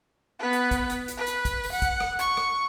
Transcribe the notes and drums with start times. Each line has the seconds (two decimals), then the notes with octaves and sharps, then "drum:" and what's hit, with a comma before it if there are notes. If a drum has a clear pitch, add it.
0.39 B3 B4
0.53 drum: hi-hat
0.71 drum: kick, hi-hat
0.90 drum: hi-hat
1.08 drum: hi-hat
1.18 B4
1.27 drum: hi-hat
1.45 drum: kick, hi-hat
1.64 drum: open hi-hat
1.73 F#5
1.82 drum: kick, hi-hat
2.00 drum: rim click
2.19 C#6, drum: hi-hat
2.37 drum: rim click